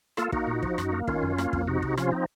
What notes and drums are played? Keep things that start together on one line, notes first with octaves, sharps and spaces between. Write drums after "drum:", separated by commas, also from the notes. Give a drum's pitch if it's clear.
A#3 F4 A4, drum: rim click
A#3 D#4 F#4, drum: kick
A#2
F3, drum: kick
F#2, drum: rim click
A#3
D#3 C#4 F4, drum: kick
F#2
A#3, drum: rim click
F2, drum: kick
C3 D#4 F#4
C3, drum: kick
F3 C#4 F4, drum: rim click
C4 D#4